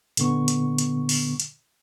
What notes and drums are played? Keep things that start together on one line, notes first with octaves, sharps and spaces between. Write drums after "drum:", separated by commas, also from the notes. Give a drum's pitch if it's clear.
A#2 D3 B3 C#6, drum: hi-hat
drum: hi-hat
drum: hi-hat
drum: open hi-hat
drum: hi-hat